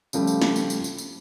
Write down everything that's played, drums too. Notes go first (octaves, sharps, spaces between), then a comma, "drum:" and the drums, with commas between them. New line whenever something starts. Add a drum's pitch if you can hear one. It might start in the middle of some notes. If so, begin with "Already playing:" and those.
C#3 F3 G3 A3, drum: tambourine
drum: tambourine
drum: snare
drum: tambourine
drum: tambourine
drum: tambourine
drum: tambourine